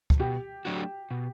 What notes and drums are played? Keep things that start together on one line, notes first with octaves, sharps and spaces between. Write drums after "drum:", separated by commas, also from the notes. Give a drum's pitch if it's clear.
drum: kick
B2 G4
F#3 A3 D4 F#4
B2